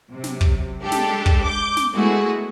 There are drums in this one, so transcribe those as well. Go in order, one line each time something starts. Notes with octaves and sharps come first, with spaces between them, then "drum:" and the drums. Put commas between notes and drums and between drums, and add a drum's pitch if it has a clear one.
C3 F#3
drum: snare
drum: kick
G#3 D4 G4 A4
drum: snare
drum: kick
D6 G6
drum: snare
G#3 A3 B3 E4 F#4 G#4